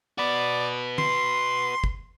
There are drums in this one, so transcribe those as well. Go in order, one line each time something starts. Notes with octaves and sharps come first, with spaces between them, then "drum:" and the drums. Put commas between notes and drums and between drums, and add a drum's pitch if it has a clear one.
F#4 B4 D5
C6, drum: tom
drum: kick